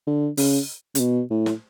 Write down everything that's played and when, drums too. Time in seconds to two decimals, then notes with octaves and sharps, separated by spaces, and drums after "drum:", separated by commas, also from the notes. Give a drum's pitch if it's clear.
0.07 D3
0.37 C#3, drum: open hi-hat
0.95 C#3, drum: hi-hat
1.00 B2
1.30 A2
1.46 drum: snare